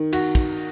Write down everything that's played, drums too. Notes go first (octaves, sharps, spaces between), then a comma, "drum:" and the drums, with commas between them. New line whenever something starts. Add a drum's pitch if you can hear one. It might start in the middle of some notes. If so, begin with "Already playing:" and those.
Already playing: D#3
F#4, drum: cymbal
drum: kick, cymbal